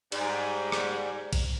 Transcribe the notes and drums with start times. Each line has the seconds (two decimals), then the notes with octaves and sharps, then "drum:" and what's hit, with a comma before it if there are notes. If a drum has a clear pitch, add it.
0.12 G#2 G3, drum: cymbal
0.72 drum: rim click
1.33 drum: kick A#1, cymbal